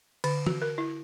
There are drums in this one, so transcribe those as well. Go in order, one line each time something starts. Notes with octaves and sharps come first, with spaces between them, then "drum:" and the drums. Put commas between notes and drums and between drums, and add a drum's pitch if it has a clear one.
D3, drum: cymbal
F#4, drum: tom E3
A#4
E4